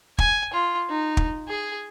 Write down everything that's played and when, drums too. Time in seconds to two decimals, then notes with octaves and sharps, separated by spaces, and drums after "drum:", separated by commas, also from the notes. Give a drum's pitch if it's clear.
0.18 G#5, drum: kick
0.53 F4
0.89 D#4
1.17 drum: kick
1.48 G#4